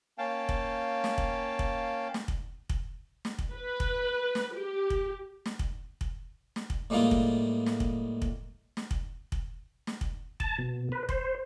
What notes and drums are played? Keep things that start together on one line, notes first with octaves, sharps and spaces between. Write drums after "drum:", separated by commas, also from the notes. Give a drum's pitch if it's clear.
A#3 C#4 F5 G5 A5
drum: kick
drum: snare
drum: kick
drum: kick
drum: snare
drum: kick
drum: kick
drum: snare
drum: kick
B4
drum: kick
drum: snare
G4
drum: kick
drum: snare
drum: kick
drum: kick
drum: snare
drum: kick
A2 G3 G#3 A#3 F4 F5
drum: kick
drum: snare
drum: kick
drum: kick
drum: snare
drum: kick
drum: kick
drum: snare
drum: kick
A5, drum: kick
B2
B4
C5, drum: kick